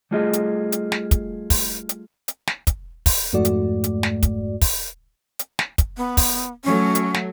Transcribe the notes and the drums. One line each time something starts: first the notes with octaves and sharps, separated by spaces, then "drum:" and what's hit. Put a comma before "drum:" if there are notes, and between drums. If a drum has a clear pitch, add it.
G3 A3 F4 G#4 D#5
drum: hi-hat
drum: hi-hat
drum: snare
drum: kick, hi-hat
drum: kick, open hi-hat
drum: hi-hat
drum: hi-hat
drum: snare
drum: kick, hi-hat
drum: kick, open hi-hat
F2 G#2 A3 F#4 D5
drum: hi-hat
drum: hi-hat
drum: snare
drum: kick, hi-hat
drum: kick, open hi-hat
drum: hi-hat
drum: snare
drum: kick, hi-hat
B3
drum: kick, open hi-hat
F#3 A3 C#4
drum: hi-hat
drum: snare